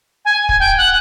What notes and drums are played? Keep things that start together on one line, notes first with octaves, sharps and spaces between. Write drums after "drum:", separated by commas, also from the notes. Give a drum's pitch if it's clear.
G#5
drum: kick
G5
F#5